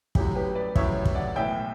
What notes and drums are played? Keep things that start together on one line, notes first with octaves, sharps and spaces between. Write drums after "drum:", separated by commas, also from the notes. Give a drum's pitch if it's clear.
A1 A2 F#3 G4, drum: kick
G4 B4
B4 D5
A1 A2 F#3 C#5 E5, drum: kick
drum: kick
D5 F#5
B1 A2 E3 E5 G5